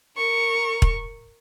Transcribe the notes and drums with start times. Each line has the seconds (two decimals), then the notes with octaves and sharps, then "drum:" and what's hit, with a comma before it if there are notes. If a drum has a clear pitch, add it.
0.17 A#4 C#6
0.82 drum: kick